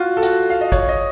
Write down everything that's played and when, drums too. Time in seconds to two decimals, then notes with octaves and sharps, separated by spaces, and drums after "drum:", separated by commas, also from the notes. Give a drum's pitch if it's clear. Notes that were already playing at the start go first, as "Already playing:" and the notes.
Already playing: F4 F#4
0.17 A4
0.22 F#4, drum: hi-hat
0.50 F5
0.61 D#5
0.72 C#5, drum: kick G#1, hi-hat
0.89 D#5